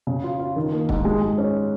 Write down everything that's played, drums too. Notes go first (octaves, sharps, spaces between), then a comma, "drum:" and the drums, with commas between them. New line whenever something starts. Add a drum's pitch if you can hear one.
C#3
F4
F4
D#3
A#3
G#2, drum: kick
G#3
G#3
C#4